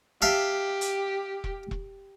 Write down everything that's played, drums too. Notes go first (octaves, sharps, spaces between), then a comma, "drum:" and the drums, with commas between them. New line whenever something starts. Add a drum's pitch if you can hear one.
G4 E5 F5 A5
drum: hi-hat
drum: kick E1
drum: kick E1